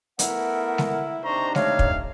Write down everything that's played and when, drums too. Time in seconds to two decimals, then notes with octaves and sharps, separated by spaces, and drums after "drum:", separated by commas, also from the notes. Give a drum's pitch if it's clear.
0.19 A3 B3 E4 A#4 F#5, drum: hi-hat
0.78 drum: snare
1.25 C3 D4 D#4 C5 A#5 C#6
1.55 A3 C#5 F5, drum: snare
1.79 drum: kick